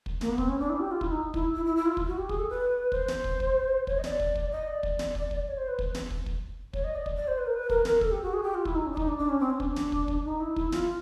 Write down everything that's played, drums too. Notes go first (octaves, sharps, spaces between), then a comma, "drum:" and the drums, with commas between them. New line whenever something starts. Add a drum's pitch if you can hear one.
drum: kick
A#3, drum: snare
B3
C4, drum: kick
C#4
D4
E4
G4
F4
E4, drum: kick
D#4
E4, drum: kick
E4
E4
E4
F4
drum: kick
F#4
G4
G#4, drum: kick
A4
B4
C5, drum: kick
drum: snare
drum: kick
drum: kick
C#5, drum: kick
D#5
D5, drum: snare
drum: kick
drum: kick
D#5
D5
drum: kick
drum: snare
drum: kick
drum: kick
C#5
C5
B4
drum: kick
drum: snare
drum: kick
drum: kick
C#5, drum: kick
D#5
D5
drum: kick
D5
C5
B4
A#4
B4
A#4, drum: kick
A#4, drum: snare
A4, drum: kick
G4
F#4
G#4
G4
F4
E4, drum: kick
D#4
C#4
D4
D#4, drum: kick
D4
D4
C#4
C4
C#4
D4, drum: kick
drum: snare
drum: kick
drum: kick
D#4
E4
E4, drum: kick
F4, drum: snare